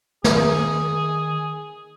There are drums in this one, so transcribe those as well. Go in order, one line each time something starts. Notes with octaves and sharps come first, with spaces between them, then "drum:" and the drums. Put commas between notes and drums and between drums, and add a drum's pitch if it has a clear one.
D#3 G#4, drum: snare